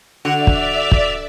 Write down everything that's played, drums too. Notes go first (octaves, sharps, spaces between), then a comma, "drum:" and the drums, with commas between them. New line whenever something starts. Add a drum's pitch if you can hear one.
D3 F#4 D5 E5 F7
drum: kick
drum: kick